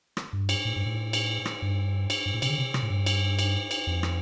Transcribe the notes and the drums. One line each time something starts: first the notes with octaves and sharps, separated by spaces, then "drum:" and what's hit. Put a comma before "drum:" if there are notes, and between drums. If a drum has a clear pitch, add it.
drum: rim click
G2
drum: cymbal
A2
G2
A2
drum: cymbal
drum: rim click
G2
drum: cymbal
G2
A2
C3, drum: cymbal
D3
C3
C3, drum: rim click
A2
G2
drum: cymbal
drum: cymbal
drum: cymbal
F2
drum: rim click